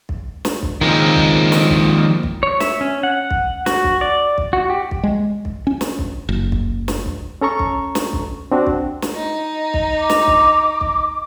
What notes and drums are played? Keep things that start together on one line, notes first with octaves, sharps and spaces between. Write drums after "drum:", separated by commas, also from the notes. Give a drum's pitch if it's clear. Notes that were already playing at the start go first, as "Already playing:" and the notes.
drum: kick
drum: snare
drum: kick
D#3 F3 G#3 A#3 C4
drum: kick
drum: snare
drum: kick
drum: kick
C#5
E5, drum: snare
C#4
F#5
drum: kick
F#4, drum: snare
drum: kick
D5
drum: kick
F#4
G4
drum: kick
G#3
drum: kick
C#4
drum: snare
drum: kick
F#1
drum: kick
drum: snare
drum: kick
C#4 A4 A#5 C#6
drum: kick
drum: snare
drum: kick
C4 D4 F#4
drum: kick
drum: snare
D#4
drum: kick
D6
drum: snare
drum: kick
drum: kick